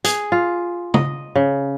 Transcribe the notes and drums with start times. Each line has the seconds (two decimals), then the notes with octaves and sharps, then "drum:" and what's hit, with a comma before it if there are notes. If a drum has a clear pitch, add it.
0.04 G#4, drum: hi-hat
0.32 F4
0.94 D#5, drum: tom
1.35 C#3